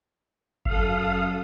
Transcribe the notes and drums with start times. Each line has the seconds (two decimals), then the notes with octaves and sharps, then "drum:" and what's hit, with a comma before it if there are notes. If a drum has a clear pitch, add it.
0.65 F#2 A4 F5 D#6, drum: kick G1